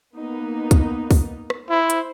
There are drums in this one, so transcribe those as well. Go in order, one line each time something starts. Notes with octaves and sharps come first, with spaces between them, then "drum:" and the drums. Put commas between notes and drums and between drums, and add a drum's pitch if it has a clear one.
A#3 B3 D#4
drum: kick, hi-hat
drum: kick, open hi-hat
drum: rim click
E4 C5
drum: hi-hat